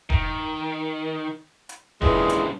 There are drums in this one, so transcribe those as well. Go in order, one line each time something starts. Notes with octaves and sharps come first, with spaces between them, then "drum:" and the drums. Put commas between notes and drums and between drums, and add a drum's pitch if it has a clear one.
D#3, drum: kick E1
drum: hi-hat
G2 A#2 C#3 E3 G#3, drum: kick E1
drum: hi-hat